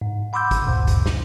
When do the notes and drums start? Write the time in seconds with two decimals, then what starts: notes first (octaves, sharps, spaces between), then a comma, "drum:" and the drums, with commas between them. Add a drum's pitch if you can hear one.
0.01 G#2
0.33 F#5 B5 C6 D6 E6 G6
0.51 drum: kick, hi-hat
0.67 D2 G2 A#2
0.87 drum: kick, hi-hat
1.06 drum: snare